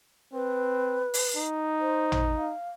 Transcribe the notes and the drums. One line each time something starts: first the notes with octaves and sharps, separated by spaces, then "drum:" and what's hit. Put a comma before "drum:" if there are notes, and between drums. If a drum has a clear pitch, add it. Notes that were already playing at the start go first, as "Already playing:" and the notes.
C4 B4
drum: open hi-hat
D#4
C5
drum: tom A1
F5